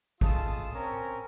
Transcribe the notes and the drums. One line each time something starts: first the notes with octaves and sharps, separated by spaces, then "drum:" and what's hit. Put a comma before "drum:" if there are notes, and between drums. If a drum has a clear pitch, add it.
G#3 A3 F4 A4 A5 D#6, drum: kick
C4 C#4 A#4